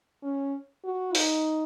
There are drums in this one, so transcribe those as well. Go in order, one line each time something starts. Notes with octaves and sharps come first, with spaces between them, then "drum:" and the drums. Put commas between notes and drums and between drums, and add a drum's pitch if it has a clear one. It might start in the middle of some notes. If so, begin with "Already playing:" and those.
C#4
F#4
D#4, drum: open hi-hat